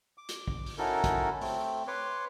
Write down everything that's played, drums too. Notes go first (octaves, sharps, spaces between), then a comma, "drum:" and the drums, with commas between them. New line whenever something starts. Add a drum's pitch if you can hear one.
D6
drum: hi-hat
drum: kick
drum: open hi-hat
C#4 D#4 E4 F#4 A4 A#4
drum: kick, hi-hat
A3 C4, drum: open hi-hat
B4 C#5 C6 D6